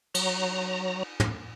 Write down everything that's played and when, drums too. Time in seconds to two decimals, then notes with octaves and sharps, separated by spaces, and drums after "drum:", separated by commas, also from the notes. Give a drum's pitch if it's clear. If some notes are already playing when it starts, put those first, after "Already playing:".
0.15 F#3 A#5, drum: cymbal
1.20 drum: tom